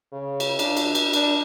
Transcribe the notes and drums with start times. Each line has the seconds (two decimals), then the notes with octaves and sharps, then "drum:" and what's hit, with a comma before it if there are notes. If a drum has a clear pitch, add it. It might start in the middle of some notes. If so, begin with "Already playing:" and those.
0.12 C#3
0.40 drum: cymbal
0.59 D4, drum: cymbal
0.77 drum: cymbal
0.95 drum: cymbal
1.13 D4, drum: cymbal